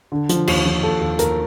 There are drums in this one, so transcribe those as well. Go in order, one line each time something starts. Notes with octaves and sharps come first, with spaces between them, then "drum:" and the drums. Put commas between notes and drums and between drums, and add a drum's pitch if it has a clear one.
D3
F3, drum: hi-hat
D#2, drum: cymbal
F3
D#2 A4
D#2
D#2 A#4, drum: hi-hat